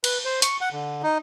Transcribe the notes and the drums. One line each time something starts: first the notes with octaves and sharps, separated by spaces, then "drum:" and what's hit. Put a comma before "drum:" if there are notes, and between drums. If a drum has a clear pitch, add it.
B4, drum: cymbal
C5
C#6, drum: hi-hat
F#5
D3
D#4